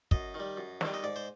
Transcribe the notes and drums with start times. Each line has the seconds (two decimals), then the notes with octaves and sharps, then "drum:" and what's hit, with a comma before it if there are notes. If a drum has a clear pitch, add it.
0.11 F#2 D#5, drum: kick
0.34 D#3
0.40 G3
0.57 F#2
0.81 D#3 G3, drum: snare
0.94 D#5
1.03 G#2 D5
1.16 C5